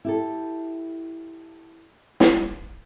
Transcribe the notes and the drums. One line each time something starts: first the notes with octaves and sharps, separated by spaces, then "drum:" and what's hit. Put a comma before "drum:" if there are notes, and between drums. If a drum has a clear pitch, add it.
E4 G4 A4
drum: snare